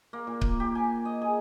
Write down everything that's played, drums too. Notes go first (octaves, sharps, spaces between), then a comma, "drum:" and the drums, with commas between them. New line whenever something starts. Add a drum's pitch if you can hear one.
A#3
A#2
drum: kick C#1
G4
G#5
D#5
G#4